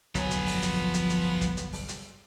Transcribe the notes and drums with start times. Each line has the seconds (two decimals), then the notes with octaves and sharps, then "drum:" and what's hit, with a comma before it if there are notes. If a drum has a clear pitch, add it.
0.15 G1 C2 F2 F3 F#3 B3 G#5, drum: kick, hi-hat
0.31 drum: hi-hat
0.46 drum: open hi-hat
0.62 drum: hi-hat
0.94 drum: hi-hat
1.09 drum: hi-hat
1.41 drum: kick, hi-hat
1.57 drum: hi-hat
1.73 drum: open hi-hat
1.88 drum: hi-hat